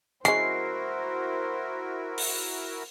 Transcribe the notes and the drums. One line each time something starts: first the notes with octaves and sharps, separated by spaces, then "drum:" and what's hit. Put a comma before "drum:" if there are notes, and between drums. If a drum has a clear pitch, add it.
G#3 C#4 E4 F#4 A#4 C5 C7, drum: hi-hat
drum: open hi-hat